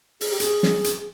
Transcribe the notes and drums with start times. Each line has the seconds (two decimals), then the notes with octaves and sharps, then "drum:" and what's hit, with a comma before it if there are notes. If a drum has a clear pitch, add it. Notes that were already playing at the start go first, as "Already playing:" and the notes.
0.21 G#4, drum: open hi-hat
0.31 G4
0.40 G#4, drum: hi-hat
0.63 drum: snare
0.84 drum: hi-hat